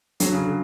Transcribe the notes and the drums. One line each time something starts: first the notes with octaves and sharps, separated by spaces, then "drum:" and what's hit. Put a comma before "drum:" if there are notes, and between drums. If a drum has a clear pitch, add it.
D3 F#3, drum: hi-hat
C#3
D3